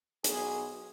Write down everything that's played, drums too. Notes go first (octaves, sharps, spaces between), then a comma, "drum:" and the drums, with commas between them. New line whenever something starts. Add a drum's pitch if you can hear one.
B1 B2 G#4, drum: hi-hat